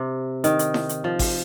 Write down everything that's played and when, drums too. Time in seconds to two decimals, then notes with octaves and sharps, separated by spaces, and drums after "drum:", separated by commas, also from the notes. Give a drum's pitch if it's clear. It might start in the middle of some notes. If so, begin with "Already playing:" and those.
Already playing: C3
0.44 D#3, drum: hi-hat
0.59 drum: hi-hat
0.74 drum: snare E4
0.89 drum: hi-hat
1.04 F3
1.19 drum: kick G#1, open hi-hat